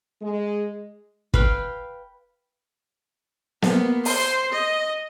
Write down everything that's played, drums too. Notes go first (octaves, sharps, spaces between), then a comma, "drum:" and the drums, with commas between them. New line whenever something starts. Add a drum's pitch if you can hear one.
G#3
B4 F5 G5, drum: kick
A#3 B3, drum: snare
C5 C6, drum: open hi-hat
D#5